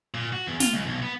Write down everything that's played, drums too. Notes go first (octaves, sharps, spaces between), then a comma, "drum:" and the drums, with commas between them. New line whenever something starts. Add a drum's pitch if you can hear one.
A#2
F#4
E2
F4, drum: snare
C#2
B1
B3